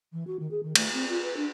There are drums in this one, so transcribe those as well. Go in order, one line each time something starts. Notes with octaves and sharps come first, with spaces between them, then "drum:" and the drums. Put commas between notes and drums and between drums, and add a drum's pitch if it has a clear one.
E3
F#4
D#3
G#4
D#3
A3, drum: cymbal
C4
F4
B4
D4